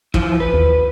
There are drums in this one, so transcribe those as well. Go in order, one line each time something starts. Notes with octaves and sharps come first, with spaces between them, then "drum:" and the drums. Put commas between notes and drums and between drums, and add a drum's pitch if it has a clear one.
E3 F3 E4, drum: kick
B4
D#2